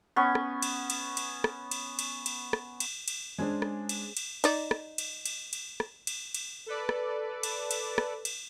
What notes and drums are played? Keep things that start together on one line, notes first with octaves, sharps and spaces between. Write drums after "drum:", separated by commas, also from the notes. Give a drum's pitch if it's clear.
B3 C#4 C#5
drum: rim click
drum: cymbal
drum: cymbal
drum: cymbal
drum: rim click
drum: cymbal
drum: cymbal
drum: cymbal
drum: rim click
drum: cymbal
drum: cymbal
G#3 C#4 D4 G#4 C5
drum: rim click
drum: cymbal
drum: cymbal
D#4 D5, drum: cymbal
drum: rim click
drum: cymbal
drum: cymbal
drum: cymbal
drum: rim click
drum: cymbal
drum: cymbal
A4 B4 D5
drum: rim click
drum: cymbal
drum: cymbal
drum: rim click
drum: cymbal